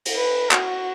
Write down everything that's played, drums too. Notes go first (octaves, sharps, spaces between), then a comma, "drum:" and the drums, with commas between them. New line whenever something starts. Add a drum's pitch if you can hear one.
drum: cymbal
B4
F#4, drum: clap